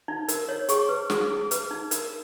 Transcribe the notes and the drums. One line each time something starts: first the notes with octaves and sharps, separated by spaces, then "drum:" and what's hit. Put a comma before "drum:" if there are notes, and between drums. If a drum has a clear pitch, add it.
D#4
A#4, drum: hi-hat
C#5
G#4 C#6, drum: hi-hat
B4
G#4, drum: snare
G#4
B4, drum: hi-hat
D#4
A#4, drum: hi-hat